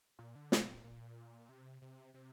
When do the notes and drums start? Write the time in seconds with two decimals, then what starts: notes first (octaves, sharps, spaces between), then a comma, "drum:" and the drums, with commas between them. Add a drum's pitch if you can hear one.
0.19 A#2
0.35 D3
0.52 C3, drum: snare
0.67 A#2
0.84 A#2
1.49 C3
1.82 C3
2.14 C3